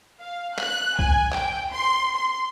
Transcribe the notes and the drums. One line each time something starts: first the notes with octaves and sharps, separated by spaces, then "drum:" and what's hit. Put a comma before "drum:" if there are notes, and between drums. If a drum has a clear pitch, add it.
F5
F#6, drum: clap
G#5, drum: kick
G5, drum: clap
C6
C6